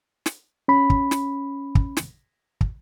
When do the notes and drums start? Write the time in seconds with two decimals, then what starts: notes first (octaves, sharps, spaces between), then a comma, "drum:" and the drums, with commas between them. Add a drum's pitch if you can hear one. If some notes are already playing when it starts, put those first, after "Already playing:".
0.26 drum: snare
0.68 C#4 B5
0.90 drum: kick
1.11 drum: snare
1.75 drum: kick
1.97 drum: snare
2.61 drum: kick